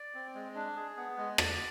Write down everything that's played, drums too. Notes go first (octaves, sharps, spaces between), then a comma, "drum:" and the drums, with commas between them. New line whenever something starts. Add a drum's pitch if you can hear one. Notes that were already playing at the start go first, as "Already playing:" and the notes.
Already playing: D5
C4
G#3
D4
G#4
B3
G#3
D5, drum: rim click